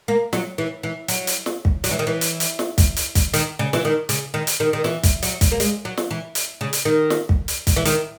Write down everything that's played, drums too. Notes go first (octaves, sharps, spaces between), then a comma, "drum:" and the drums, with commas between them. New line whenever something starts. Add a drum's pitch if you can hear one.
A#3
F#3, drum: snare
E3
E3
F#3, drum: hi-hat
drum: hi-hat
drum: snare
drum: kick
F#3, drum: hi-hat
E3
D#3
E3
drum: hi-hat
drum: hi-hat
drum: snare
drum: kick, hi-hat
drum: hi-hat
drum: kick, hi-hat
D#3, drum: hi-hat
C#3
E3, drum: snare
D#3
C#3, drum: hi-hat
D#3
drum: hi-hat
D#3
D#3
E3, drum: snare
drum: kick, hi-hat
F#3, drum: hi-hat
drum: kick, hi-hat
A#3
G#3, drum: hi-hat
F#3
drum: snare
E3
drum: hi-hat
C#3
drum: hi-hat
D#3
drum: snare
drum: kick
drum: hi-hat
drum: kick, hi-hat
E3
D#3, drum: hi-hat